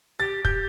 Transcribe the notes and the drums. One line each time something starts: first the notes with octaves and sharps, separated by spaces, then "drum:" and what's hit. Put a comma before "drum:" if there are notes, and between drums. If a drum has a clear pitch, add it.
G4 A6
G4 G6, drum: kick